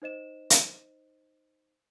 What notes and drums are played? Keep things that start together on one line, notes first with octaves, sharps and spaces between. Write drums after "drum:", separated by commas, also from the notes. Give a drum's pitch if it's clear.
D#4 C5 D#5 E7
drum: hi-hat